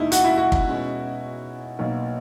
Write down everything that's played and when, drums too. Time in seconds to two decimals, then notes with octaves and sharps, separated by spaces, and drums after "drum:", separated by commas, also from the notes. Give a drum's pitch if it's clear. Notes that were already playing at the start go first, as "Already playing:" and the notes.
Already playing: E1 D#2 D#3 A#3 D#4 E4
0.12 F#4, drum: hi-hat
0.24 E4
0.37 F#4
0.52 drum: kick
0.67 B2 G#3 C#4
1.79 B1 B2 A#3